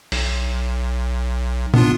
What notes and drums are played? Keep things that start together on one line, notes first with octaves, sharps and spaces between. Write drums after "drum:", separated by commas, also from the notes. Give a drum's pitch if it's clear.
B1, drum: open hi-hat
B3 D4 F4, drum: tom